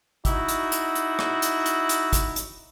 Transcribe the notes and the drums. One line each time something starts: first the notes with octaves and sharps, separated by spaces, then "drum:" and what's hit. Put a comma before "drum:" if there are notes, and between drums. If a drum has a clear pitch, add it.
D#4 E4 F#4, drum: kick, hi-hat
drum: hi-hat
drum: hi-hat
drum: hi-hat
drum: rim click
drum: hi-hat
drum: hi-hat
drum: hi-hat
drum: kick, hi-hat
drum: hi-hat